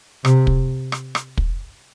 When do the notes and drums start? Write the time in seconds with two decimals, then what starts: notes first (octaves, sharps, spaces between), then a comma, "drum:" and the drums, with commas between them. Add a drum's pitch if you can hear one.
0.25 C3, drum: rim click
0.47 drum: kick
0.92 drum: rim click
1.15 drum: rim click
1.37 drum: kick